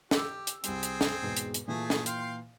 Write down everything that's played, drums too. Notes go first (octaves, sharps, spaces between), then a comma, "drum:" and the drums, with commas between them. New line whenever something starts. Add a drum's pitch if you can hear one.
G4 D6 E6, drum: snare
drum: hi-hat
C2 G3 C4 G#4, drum: hi-hat
drum: hi-hat
drum: snare
E2 G#2 B2
drum: hi-hat
drum: hi-hat
A#2 E3 A3 G#4
drum: snare
F5 G5 C6, drum: hi-hat